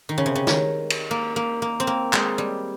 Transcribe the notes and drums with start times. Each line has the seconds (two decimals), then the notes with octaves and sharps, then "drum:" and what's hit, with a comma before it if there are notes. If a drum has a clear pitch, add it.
0.09 D#3
0.18 C#3
0.26 C3
0.36 C#3
0.47 D#3, drum: snare
0.90 drum: cymbal
1.11 A#3
1.36 A#3
1.62 A#3
1.80 C4
1.87 A#3
2.13 G#3, drum: clap
2.38 G3